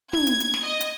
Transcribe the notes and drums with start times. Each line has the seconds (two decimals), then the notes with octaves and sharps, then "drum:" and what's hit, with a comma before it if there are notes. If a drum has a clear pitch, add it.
0.13 G#6, drum: tom
0.27 drum: hi-hat
0.40 drum: hi-hat
0.54 drum: snare
0.64 D#5
0.81 drum: hi-hat